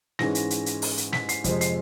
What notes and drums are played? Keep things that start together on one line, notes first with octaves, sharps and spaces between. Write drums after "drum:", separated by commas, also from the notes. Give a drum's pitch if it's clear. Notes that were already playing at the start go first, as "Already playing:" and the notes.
G#2 E3 G#3 C#4 A#6, drum: snare
drum: hi-hat
drum: hi-hat
drum: hi-hat
drum: open hi-hat
drum: hi-hat
B6, drum: snare
C7, drum: hi-hat
F2 C3 F3 G#3 C4, drum: kick, hi-hat
C7, drum: hi-hat